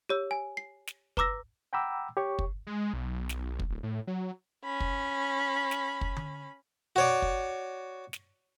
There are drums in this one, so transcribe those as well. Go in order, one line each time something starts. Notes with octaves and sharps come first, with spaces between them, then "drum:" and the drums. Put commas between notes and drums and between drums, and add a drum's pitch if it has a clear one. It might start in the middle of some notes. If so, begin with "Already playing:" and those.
G4 C#5 E6
G#5
C7
drum: snare
B4 A#5 D6 E6 A#6, drum: kick
F#5 G5 A#5 B5 D6 E6
G4 C#5 C#6
drum: kick
G#3
B1
drum: snare
drum: kick
D1
A2
F#3
C#4 B5
drum: kick
drum: snare
drum: kick
drum: tom D3
F#4 C#5 D5
drum: kick
drum: snare